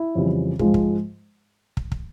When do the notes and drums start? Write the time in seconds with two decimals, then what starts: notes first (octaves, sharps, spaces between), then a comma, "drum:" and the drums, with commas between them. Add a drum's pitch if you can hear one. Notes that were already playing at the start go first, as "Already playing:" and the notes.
Already playing: E4
0.15 F2 C#3 E3 G3
0.59 G#2 F3 G#3, drum: kick
0.74 drum: kick
1.77 drum: kick
1.92 drum: kick